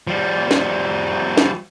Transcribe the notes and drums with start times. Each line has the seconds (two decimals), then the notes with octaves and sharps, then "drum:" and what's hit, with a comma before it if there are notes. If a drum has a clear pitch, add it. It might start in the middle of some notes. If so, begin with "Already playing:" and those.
0.07 F3 G3
0.51 drum: snare
1.37 drum: snare